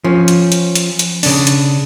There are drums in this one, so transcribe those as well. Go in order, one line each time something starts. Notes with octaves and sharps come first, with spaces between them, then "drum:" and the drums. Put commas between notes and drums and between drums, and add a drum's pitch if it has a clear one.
F3 C#4
drum: hi-hat
drum: hi-hat
drum: hi-hat
drum: hi-hat
C#3 D4, drum: open hi-hat
drum: hi-hat